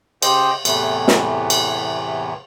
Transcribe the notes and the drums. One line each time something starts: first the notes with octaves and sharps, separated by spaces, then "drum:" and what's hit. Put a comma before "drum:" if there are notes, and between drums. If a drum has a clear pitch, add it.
C#3 G4 C5 D#5 G5, drum: cymbal
E2 A2 C3 E3 A3 B3, drum: cymbal
drum: snare
drum: cymbal